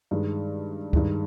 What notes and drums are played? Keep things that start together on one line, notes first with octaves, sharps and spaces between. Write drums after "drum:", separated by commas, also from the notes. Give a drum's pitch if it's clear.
G2 D#3 G#3
G2 D#3 G#3, drum: kick D2